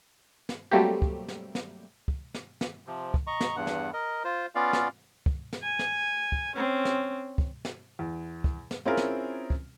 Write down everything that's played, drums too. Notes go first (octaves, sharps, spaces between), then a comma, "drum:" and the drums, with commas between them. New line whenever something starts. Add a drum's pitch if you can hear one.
drum: snare
F#3 G3 A3 A#3 C4 G4
drum: kick
drum: snare
drum: snare
drum: kick
drum: snare
drum: snare
C3 F3
drum: kick
D#5 A#5 C#6
drum: snare
E2 G2 F#5
drum: snare
A#4 D#5
F4 C5
B3 C#4 F4 D5 F5
drum: snare
drum: kick
drum: snare
G#5
drum: snare
drum: kick
C4 C#4
drum: snare
drum: kick
drum: snare
E2
drum: kick
drum: snare
C4 C#4 E4 F4 G#4 A#4
drum: snare
drum: kick